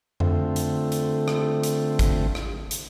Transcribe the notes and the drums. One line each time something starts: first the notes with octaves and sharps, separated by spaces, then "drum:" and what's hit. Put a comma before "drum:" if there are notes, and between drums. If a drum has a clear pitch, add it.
D3 A3 C4 F4, drum: tom F2
drum: hi-hat
drum: hi-hat
drum: rim click
drum: hi-hat
drum: kick G#1, hi-hat
drum: rim click
drum: hi-hat